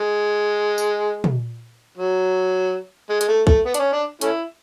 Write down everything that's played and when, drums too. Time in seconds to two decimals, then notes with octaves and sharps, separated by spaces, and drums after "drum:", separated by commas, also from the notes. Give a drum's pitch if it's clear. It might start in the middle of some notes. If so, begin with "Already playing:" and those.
Already playing: G#3
0.78 drum: tambourine
1.24 drum: tom
1.98 F#3
3.10 G#3
3.21 G#3, drum: hi-hat
3.28 A3
3.47 A3, drum: kick
3.66 B3
3.74 D4, drum: hi-hat
3.79 C#4
3.93 D4
4.21 A3 C#4 E4, drum: hi-hat